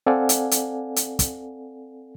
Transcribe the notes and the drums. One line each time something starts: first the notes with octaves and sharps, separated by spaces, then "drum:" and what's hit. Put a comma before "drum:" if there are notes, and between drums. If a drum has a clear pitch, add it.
C4 A4 D5 F5 F#5 G#5
drum: hi-hat
drum: hi-hat
drum: hi-hat
drum: kick, hi-hat